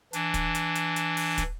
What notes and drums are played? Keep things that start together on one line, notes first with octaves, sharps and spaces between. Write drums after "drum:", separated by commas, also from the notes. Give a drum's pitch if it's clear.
E3 D4, drum: hi-hat
drum: kick, hi-hat
drum: hi-hat
drum: hi-hat
drum: hi-hat
drum: open hi-hat
drum: kick, hi-hat